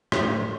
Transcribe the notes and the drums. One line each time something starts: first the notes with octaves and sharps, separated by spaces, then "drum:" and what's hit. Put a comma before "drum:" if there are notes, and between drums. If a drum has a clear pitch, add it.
A2, drum: rim click